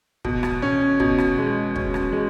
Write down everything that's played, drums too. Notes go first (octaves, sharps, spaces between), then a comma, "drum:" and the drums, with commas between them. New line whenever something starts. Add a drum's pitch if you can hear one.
B2, drum: kick
drum: rim click
C#4
B2, drum: kick
drum: rim click
G#3
C#4, drum: kick
drum: rim click
G#3